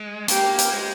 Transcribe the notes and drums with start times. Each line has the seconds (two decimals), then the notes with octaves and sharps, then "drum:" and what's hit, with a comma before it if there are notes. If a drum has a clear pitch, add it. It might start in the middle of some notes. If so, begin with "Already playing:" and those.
Already playing: G#3
0.28 A#3 G4, drum: hi-hat
0.59 drum: hi-hat
0.73 G#3